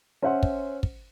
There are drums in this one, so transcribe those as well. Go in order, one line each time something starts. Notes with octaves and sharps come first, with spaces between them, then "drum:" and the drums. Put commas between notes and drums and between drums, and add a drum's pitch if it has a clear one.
C#4 C5 E5 F#5 C6
drum: kick
drum: kick